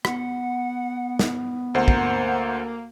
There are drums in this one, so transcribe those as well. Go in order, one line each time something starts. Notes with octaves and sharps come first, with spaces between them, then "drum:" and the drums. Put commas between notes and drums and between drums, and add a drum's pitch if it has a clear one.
B3 F#5, drum: rim click
drum: snare
D2 A#3 C5 F#5 A#5
drum: kick